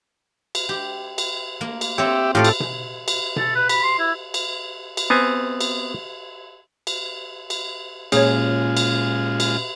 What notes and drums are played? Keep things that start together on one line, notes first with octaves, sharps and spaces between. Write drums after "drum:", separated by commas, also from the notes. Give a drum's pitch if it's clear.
drum: cymbal
G4
drum: cymbal
A#3
drum: cymbal
C4 G4 C#5 E5
A2 F4 G4 A4 D5
drum: cymbal
drum: tom B2
drum: cymbal
A4, drum: tom B2
B4
B5, drum: cymbal
C6
E4
drum: cymbal
drum: cymbal
B3 C4 G#5
drum: cymbal
drum: cymbal
drum: cymbal
A#2 G#3 C#4 F4 G#4 C#5, drum: cymbal
drum: cymbal
drum: cymbal